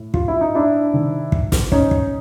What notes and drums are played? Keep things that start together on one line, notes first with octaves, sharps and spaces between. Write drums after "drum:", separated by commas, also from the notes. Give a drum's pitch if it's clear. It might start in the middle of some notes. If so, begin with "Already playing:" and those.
Already playing: A2
F4, drum: kick
E4
D#4
D4 E4
C3 D#3
drum: kick
drum: snare
C#4 D#4, drum: kick
drum: kick